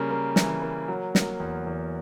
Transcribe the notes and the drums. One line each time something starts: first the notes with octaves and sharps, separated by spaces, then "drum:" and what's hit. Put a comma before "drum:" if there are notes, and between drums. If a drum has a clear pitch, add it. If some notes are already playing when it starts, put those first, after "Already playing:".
Already playing: C#3 G3 A#3
A#3
E3, drum: snare
A#3
F#3
A#3, drum: snare
E2
E2